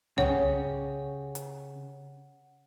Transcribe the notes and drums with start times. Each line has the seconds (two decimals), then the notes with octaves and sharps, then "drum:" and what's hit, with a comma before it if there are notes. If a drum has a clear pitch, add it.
0.18 C#3 C#4 G4 C#5 F#5, drum: tom C2
1.35 drum: hi-hat